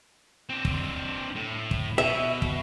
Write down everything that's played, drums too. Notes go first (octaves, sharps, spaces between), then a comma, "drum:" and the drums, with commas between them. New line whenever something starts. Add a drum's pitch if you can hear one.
C4 D4
drum: kick
A2
drum: kick
B2 E5
drum: kick